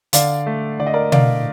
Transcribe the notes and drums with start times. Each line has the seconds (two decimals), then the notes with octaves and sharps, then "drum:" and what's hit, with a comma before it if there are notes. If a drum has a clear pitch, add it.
0.13 D3 D5 F5, drum: hi-hat
0.46 A3
0.79 D3 D5
0.86 D#5
0.94 A#4 D5
1.12 D3 D5 F5, drum: tom B2